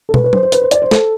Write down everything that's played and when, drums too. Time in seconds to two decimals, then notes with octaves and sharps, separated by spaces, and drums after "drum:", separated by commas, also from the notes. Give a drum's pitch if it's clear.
0.09 A4
0.14 B4, drum: tom
0.24 B4
0.33 C5, drum: tom F#3
0.43 C5
0.52 B4, drum: hi-hat
0.62 C5
0.71 D5, drum: hi-hat
0.82 C5
0.91 A4, drum: snare